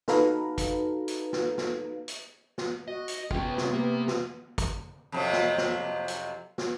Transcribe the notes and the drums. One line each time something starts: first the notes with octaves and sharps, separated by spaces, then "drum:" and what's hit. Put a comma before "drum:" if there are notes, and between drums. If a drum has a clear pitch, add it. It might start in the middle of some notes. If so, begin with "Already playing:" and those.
D#4 F#4 A4 B4 F5 A#5, drum: snare
drum: kick, hi-hat
drum: hi-hat
drum: snare
drum: snare
drum: hi-hat
drum: snare
F#4 D#5
drum: hi-hat
C3 B3 C#4 F4 G5, drum: kick
drum: snare
A#3 G4
drum: snare
drum: kick, hi-hat
F2 C3 F#3
drum: snare
drum: snare
drum: hi-hat
drum: snare